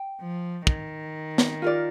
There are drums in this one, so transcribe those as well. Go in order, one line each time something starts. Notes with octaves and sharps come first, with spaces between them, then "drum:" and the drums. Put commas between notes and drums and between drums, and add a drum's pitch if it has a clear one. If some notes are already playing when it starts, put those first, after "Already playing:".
Already playing: G5
F3
D#3, drum: kick
drum: snare
F4 A#4 D5